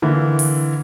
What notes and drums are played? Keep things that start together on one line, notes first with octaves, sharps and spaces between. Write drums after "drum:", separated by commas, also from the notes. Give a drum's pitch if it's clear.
D3 E3 A#3 E4
drum: open hi-hat